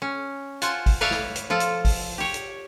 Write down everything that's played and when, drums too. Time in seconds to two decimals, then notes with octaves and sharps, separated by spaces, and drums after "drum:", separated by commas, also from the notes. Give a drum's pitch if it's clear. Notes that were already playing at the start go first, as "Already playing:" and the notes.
0.02 C#4
0.62 F4 C5 F#5 G#5 A5, drum: hi-hat
0.86 drum: kick, open hi-hat
1.01 B4 C#5 D5 E5 F5 A5
1.11 drum: snare
1.35 drum: hi-hat
1.50 F3 F4 A4
1.60 drum: hi-hat
1.85 drum: kick, open hi-hat
2.18 G4 C#5
2.34 drum: hi-hat